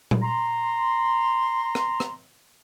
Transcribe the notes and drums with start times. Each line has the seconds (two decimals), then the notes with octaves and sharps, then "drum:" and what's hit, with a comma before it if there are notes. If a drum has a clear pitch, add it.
0.11 drum: tom A#2
0.22 A#5 C6
1.75 drum: rim click
2.00 drum: rim click